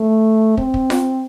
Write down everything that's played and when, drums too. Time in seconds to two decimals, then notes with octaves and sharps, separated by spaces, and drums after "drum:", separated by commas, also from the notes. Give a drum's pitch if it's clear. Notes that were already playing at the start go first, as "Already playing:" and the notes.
Already playing: A3
0.57 C4, drum: kick
0.74 drum: kick
0.90 drum: snare F4